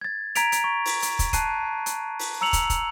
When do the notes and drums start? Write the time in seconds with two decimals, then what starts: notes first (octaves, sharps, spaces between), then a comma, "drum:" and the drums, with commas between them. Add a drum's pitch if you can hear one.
0.01 G#6 A6
0.35 A#5 G#6 B6 D7 F7, drum: hi-hat
0.52 drum: hi-hat
0.64 C#6
0.86 drum: open hi-hat
1.02 drum: hi-hat
1.19 drum: kick, hi-hat
1.33 A5 F#6 C7 D#7, drum: kick, hi-hat
1.86 drum: hi-hat
2.19 drum: open hi-hat
2.41 A#5 E6 C#7 F7 F#7
2.53 drum: kick, hi-hat
2.70 drum: kick, hi-hat